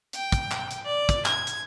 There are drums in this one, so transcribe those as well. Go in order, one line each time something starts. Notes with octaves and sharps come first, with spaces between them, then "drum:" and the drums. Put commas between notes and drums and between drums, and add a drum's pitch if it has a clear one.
G5, drum: hi-hat
drum: kick, hi-hat
drum: clap
drum: hi-hat
D5
drum: kick, hi-hat
G#6, drum: clap
drum: hi-hat